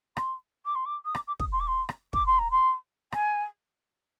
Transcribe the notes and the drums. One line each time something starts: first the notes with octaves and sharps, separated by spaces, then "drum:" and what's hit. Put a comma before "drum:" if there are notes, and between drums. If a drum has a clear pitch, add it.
C6, drum: rim click
D6
C6
D6
D#6
D6, drum: rim click
D6
D#6, drum: kick
C6
D6
C6
drum: rim click
D6, drum: kick
C6
A#5
C6
G#5, drum: rim click